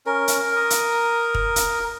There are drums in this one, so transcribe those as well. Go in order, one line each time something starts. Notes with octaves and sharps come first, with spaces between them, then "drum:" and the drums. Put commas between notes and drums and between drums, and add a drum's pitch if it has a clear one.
C#4 A#4
drum: hi-hat
A#5 D#6
drum: hi-hat
drum: kick
drum: hi-hat